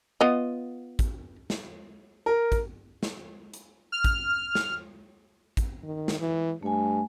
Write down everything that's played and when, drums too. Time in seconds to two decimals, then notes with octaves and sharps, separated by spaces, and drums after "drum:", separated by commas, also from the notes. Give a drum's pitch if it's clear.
0.21 B3 F4 D#5
0.99 drum: kick, hi-hat
1.50 drum: snare
2.26 A#4
2.52 drum: kick, hi-hat
3.03 drum: snare
3.54 drum: hi-hat
3.92 F6
4.04 drum: kick, hi-hat
4.55 drum: snare
5.57 drum: kick, hi-hat
5.83 D#3
6.08 drum: snare
6.20 E3
6.63 G2 A3 G#5